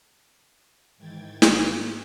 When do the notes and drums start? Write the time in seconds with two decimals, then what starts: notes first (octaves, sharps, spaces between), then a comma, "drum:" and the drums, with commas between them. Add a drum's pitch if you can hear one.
0.97 G#2 D#3 E3 G5 G#6 A6
1.42 drum: snare